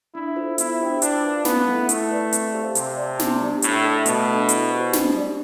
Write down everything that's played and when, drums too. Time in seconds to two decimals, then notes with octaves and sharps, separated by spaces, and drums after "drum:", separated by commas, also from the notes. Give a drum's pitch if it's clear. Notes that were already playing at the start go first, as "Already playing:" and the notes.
0.14 D4 E4
0.36 F4 A4 C5
0.58 B3 E4, drum: hi-hat
0.80 D4 G4 C5 G5
1.02 D4 F4, drum: hi-hat
1.24 B4 F5
1.45 A3 B3, drum: snare
1.67 E4 A4 E5
1.89 A3 E4, drum: hi-hat
2.10 B4 D5
2.33 C4, drum: hi-hat
2.54 G4 C5 F5
2.75 C3 G4, drum: hi-hat
2.97 D5 A5
3.19 B3, drum: snare
3.41 D4 G4 D5
3.62 A2 D4, drum: hi-hat
3.85 A4 E5 A5
4.06 B2 A3, drum: hi-hat
4.27 D4 A4 E5
4.49 E4, drum: hi-hat
4.71 G4 C5
4.93 D4, drum: snare
5.14 G4 D5